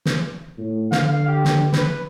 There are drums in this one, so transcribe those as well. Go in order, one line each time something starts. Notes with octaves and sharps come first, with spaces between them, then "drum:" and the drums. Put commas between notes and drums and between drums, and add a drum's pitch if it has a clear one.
drum: snare
A2
D3 F5, drum: snare
G4
drum: snare
B4, drum: snare